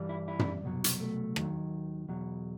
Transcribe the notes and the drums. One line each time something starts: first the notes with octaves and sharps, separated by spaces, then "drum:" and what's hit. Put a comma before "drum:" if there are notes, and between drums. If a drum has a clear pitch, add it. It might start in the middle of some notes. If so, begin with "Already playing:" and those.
Already playing: G2 E3 G3
E4
E4
drum: tom
C2 B2 F#3
drum: hi-hat
A3
D#2 D#3 F#3, drum: rim click
E2 B2 F#3